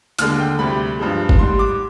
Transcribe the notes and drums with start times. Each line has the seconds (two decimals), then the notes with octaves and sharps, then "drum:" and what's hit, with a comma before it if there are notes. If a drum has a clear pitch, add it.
0.19 D#2 D3 G#3 F6, drum: hi-hat
0.40 G5
0.59 D2 C3 G3 B5
0.99 G2 F3 G#3
1.29 drum: kick G#1
1.39 G#2 G3 C6
1.59 D6